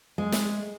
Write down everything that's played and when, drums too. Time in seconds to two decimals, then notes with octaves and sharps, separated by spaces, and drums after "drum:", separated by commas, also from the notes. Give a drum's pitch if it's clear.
0.18 G#3
0.32 drum: snare